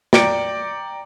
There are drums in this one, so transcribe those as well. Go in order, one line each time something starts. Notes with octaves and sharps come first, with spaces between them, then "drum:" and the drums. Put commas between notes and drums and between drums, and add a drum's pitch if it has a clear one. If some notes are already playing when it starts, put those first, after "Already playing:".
D5 G5 A#5 D6 C#7 D7, drum: snare